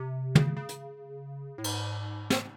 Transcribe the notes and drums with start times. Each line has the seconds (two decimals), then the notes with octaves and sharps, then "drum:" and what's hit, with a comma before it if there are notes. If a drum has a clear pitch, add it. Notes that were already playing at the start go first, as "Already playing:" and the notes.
Already playing: C3
0.35 C#3, drum: tom
0.57 C#3
0.69 drum: hi-hat
1.58 A2
1.64 G#2, drum: cymbal
2.30 drum: snare